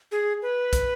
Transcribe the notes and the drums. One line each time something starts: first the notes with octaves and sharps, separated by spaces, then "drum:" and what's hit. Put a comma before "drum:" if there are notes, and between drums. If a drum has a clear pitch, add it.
G#4
B4
drum: kick, hi-hat